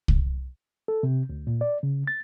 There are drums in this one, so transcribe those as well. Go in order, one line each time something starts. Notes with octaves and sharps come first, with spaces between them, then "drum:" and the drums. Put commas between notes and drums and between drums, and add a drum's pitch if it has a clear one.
drum: kick C2
A4
C3
D2
A#2
D5
C#3
A6